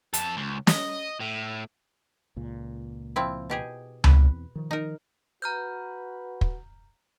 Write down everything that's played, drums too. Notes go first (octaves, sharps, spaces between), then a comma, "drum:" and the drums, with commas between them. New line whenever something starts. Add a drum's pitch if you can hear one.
F2 A4, drum: hi-hat
C#2
D#5, drum: snare
A2
C#2 A#2
F3 C4 E4
B2 G4 G#4
E2 C4 B4, drum: tom C#2
D#3 F3
D#4 A#4
F#4 B4 A#5 F6 G6
drum: kick